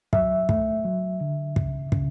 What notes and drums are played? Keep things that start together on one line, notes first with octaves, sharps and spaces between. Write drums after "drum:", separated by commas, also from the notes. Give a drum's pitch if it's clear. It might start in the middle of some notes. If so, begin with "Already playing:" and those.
F#3 E5, drum: kick
A3, drum: kick
F#3
D3
C#3, drum: kick
C#3, drum: kick